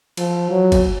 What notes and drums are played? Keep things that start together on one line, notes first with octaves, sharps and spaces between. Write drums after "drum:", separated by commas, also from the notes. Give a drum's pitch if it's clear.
F3, drum: cymbal
F#3
drum: kick, cymbal